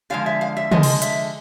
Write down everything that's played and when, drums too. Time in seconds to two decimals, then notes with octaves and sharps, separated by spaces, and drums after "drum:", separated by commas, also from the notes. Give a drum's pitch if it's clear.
0.10 D3 F3 G#3 F5
0.26 E5
0.41 F5
0.57 E5
0.72 D3 F3 G#3 D#5, drum: tom C3
0.83 drum: cymbal
1.02 E5, drum: hi-hat